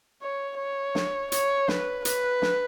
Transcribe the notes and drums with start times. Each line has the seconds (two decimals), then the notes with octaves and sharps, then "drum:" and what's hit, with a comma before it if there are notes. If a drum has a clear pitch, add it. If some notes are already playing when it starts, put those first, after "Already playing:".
0.22 C#5
0.58 C#5
0.95 drum: snare
1.32 C#5, drum: hi-hat
1.68 B4, drum: snare
2.05 B4, drum: hi-hat
2.42 drum: snare